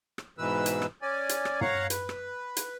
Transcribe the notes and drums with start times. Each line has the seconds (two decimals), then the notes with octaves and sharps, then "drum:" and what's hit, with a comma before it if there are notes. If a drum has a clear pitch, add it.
0.18 drum: rim click
0.38 G#2 B2 E3 B4 E6
0.66 drum: hi-hat
0.82 drum: rim click
1.02 C#4 D5 G#5
1.29 drum: hi-hat
1.45 drum: rim click
1.61 C#5 F5 F#5 A#5, drum: tom
1.90 B4, drum: hi-hat
2.09 drum: rim click
2.57 drum: hi-hat